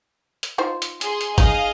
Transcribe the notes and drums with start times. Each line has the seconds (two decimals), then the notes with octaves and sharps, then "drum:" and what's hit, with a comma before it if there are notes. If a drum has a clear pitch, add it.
0.43 drum: hi-hat
0.58 D#4 F4 C5
0.82 drum: hi-hat
1.01 G#4 C6, drum: hi-hat
1.21 drum: hi-hat
1.38 D#4 G#4 D#5 F5, drum: kick G#1, hi-hat